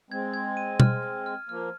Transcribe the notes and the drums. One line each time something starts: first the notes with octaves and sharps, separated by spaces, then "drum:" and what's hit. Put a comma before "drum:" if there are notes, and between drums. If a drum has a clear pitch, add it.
G#3 C4 G#6
G#6
D#7
F6, drum: tom B2
F6
F6
F3 A#3 F6